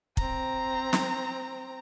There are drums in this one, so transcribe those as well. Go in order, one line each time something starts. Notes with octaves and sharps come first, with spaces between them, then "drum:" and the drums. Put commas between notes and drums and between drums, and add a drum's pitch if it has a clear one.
C4 A#5, drum: kick
drum: snare